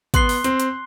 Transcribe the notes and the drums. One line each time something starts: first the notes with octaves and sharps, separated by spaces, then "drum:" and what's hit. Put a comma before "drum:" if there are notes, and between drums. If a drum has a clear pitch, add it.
B3 C6 F#6 C7 G7, drum: kick, hi-hat
drum: open hi-hat
C4, drum: hi-hat
drum: hi-hat